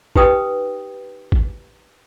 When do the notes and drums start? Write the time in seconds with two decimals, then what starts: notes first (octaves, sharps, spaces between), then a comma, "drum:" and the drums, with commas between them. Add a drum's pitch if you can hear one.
0.16 D#4 G4 B4 G5 D#6, drum: kick
1.32 drum: kick